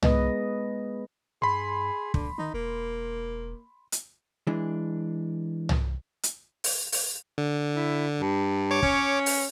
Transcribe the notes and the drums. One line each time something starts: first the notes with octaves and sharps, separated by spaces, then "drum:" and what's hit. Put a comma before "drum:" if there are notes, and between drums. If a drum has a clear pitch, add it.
G#3 B3 B4 D#5, drum: tom
G2 G#4 B5 C6
D2 D3, drum: kick
D#3 D#4
E1 A#3
drum: hi-hat
E3 G#3 D4
drum: tom
drum: hi-hat
drum: open hi-hat
drum: open hi-hat
D3
E4
G2
C#5 D6
C#4, drum: kick
drum: open hi-hat